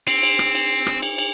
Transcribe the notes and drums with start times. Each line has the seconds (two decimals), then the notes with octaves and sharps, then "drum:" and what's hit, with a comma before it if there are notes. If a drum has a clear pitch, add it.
0.07 C4, drum: cymbal
0.23 drum: cymbal
0.39 drum: rim click
0.55 drum: cymbal
0.87 drum: rim click
1.02 drum: cymbal
1.18 drum: cymbal